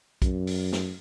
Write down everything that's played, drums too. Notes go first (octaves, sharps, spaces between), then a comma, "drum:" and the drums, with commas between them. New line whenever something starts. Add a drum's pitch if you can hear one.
F#2, drum: kick B1, hi-hat
drum: open hi-hat
drum: snare